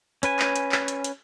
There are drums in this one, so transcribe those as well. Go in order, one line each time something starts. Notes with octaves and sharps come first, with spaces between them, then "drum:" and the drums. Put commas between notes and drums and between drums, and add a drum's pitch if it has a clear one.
C#4 B4 G#5, drum: hi-hat
drum: clap
drum: hi-hat
drum: clap
drum: hi-hat
drum: hi-hat